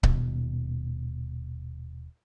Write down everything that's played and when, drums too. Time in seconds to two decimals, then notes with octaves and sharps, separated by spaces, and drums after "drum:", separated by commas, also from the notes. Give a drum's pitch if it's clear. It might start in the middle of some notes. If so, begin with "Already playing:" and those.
0.03 D#1 B2, drum: kick C#1